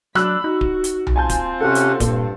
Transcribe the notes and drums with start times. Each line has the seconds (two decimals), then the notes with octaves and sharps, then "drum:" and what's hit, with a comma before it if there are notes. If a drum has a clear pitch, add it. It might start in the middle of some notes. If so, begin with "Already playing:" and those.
0.15 F#3 D4 B5 E6 F#6, drum: rim click
0.44 D#4 F#4
0.61 drum: kick D1
0.84 drum: hi-hat
1.07 drum: tom B1
1.16 C4 F4 G#5 A5 G6
1.29 drum: kick D1, hi-hat
1.61 C3 C#4 G4 A4 F#5
1.75 drum: hi-hat
2.00 G2 A#2, drum: kick D1, hi-hat